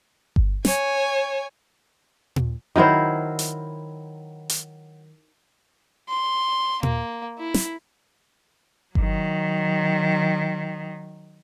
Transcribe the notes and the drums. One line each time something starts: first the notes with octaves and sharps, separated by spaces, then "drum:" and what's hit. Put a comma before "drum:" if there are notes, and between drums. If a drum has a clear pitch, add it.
drum: kick G1
C#5 G#5, drum: snare
drum: tom A#2
D#3 F#3 E4 C5
drum: hi-hat
drum: hi-hat
C6
A#3, drum: tom A#2
E4
drum: snare
D#3 F#3, drum: kick G1